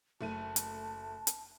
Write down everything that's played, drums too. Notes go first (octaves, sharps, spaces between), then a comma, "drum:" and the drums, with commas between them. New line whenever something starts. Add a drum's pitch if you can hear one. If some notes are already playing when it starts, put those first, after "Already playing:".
F#1 A3 A5 D#7
drum: hi-hat
drum: hi-hat